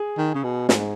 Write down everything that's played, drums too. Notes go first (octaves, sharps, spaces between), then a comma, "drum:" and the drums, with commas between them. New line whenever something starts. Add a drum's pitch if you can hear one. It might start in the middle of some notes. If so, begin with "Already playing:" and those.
Already playing: G#4
D#3
C#3
B2
G#2, drum: snare